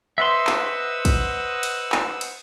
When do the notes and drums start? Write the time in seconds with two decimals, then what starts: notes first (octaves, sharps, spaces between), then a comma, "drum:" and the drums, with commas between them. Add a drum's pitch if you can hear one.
0.18 B4 C5 D#5 E5 F#5 C6 E6
0.47 drum: clap
1.05 drum: kick, cymbal
1.63 drum: cymbal
1.92 drum: clap
2.21 drum: cymbal